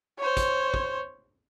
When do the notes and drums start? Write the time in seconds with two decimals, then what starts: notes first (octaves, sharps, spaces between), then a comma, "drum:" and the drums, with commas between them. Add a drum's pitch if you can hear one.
0.18 C5 C#5
0.37 drum: kick, hi-hat
0.74 drum: kick